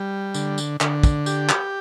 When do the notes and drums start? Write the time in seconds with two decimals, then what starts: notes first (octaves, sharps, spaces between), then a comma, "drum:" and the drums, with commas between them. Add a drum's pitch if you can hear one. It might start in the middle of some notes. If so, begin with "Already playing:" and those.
Already playing: G3
0.34 D3, drum: tambourine
0.58 drum: tambourine
0.81 D3, drum: clap
1.03 drum: kick, tambourine
1.26 G4, drum: tambourine
1.49 drum: clap